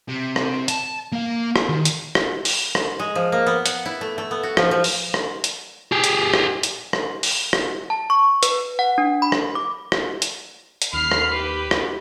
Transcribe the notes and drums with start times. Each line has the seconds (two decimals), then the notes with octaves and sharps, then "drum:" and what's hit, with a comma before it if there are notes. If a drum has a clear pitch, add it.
0.09 C3
0.36 drum: rim click
0.68 A5, drum: hi-hat
1.12 A#3 F5
1.56 drum: rim click
1.69 D#3
1.85 drum: hi-hat
2.15 drum: rim click
2.45 drum: open hi-hat
2.75 drum: rim click
2.99 G#3
3.15 F3
3.32 A#3
3.47 B3
3.66 F#5, drum: hi-hat
3.86 E4
4.01 A3
4.18 A3
4.31 B3
4.43 F#4
4.57 F3, drum: rim click
4.71 F3
4.84 drum: open hi-hat
5.14 drum: rim click
5.44 drum: hi-hat
5.92 G4 G#4
6.04 drum: hi-hat
6.34 drum: rim click
6.63 drum: hi-hat
6.93 drum: rim click
7.23 drum: open hi-hat
7.53 drum: rim click
7.90 A5
8.10 C#6
8.43 B4, drum: hi-hat
8.79 F#5
8.98 D4
9.22 B5
9.32 drum: rim click
9.55 D6
9.92 drum: rim click
10.22 drum: hi-hat
10.82 drum: hi-hat
10.93 D#2 B5 F6 C7
11.11 drum: rim click
11.34 G4 B4
11.71 drum: rim click